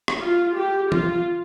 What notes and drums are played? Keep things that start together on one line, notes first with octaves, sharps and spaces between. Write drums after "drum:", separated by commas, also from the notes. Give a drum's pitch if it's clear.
drum: rim click
F4
G4
F4, drum: tom